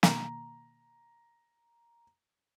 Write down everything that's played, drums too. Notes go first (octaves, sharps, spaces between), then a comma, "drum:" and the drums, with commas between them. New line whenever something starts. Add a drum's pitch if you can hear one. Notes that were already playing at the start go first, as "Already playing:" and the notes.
B2 D#3 A#3 A#5, drum: snare